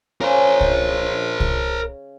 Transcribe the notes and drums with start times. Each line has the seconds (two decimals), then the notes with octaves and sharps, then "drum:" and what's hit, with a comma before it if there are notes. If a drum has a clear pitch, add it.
0.21 C#3 A#4 C5
0.61 drum: kick C2
1.40 drum: kick C2